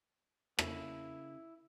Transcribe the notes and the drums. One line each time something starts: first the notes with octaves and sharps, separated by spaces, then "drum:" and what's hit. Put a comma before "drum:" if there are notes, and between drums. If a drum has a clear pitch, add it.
C#3 A#3 E4, drum: rim click